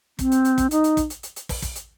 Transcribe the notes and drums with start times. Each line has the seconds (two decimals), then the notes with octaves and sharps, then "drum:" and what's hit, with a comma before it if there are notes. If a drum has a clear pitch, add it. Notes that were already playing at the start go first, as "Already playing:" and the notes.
0.19 C4, drum: kick, hi-hat
0.32 drum: hi-hat
0.45 drum: hi-hat
0.58 drum: kick, hi-hat
0.71 D#4, drum: hi-hat
0.84 drum: hi-hat
0.97 drum: kick, hi-hat
1.10 drum: hi-hat
1.23 drum: hi-hat
1.36 drum: hi-hat
1.49 drum: kick, open hi-hat
1.62 drum: kick, hi-hat
1.75 drum: hi-hat